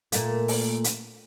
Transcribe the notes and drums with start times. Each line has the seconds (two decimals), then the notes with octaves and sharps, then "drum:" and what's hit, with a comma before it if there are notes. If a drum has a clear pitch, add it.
0.12 A#2 A3 A#3, drum: hi-hat
0.48 drum: open hi-hat
0.84 drum: hi-hat